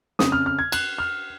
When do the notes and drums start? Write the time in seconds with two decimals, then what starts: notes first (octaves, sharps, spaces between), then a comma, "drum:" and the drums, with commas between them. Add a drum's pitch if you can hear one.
0.19 F2 C#3 D#6, drum: snare
0.32 F6
0.46 F6
0.59 G#6
0.72 F#6, drum: cymbal
0.98 F6